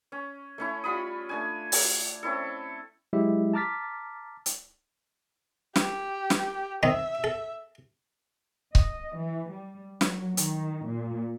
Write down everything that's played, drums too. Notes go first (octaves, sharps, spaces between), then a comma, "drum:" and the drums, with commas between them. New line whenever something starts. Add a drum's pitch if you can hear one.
C#4
A3 C#4 E4
G3 F4 B5 D#6
A3 D4 G#5
drum: open hi-hat
C4 C#4 E4 A4
F#3 G#3 E4 G4 E5
A5 A#5 D6 F6 A6 B6
drum: hi-hat
G4, drum: snare
drum: snare
D#3 C4 D#4 E5
A4
D#5, drum: kick C#1
E3
G3
F#3, drum: snare
D#3, drum: hi-hat
A#2